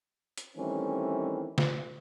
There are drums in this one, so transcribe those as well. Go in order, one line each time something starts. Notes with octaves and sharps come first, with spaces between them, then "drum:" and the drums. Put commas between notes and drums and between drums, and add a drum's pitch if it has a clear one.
drum: hi-hat
D#3 E3 G3 A3 C4 C#4
drum: snare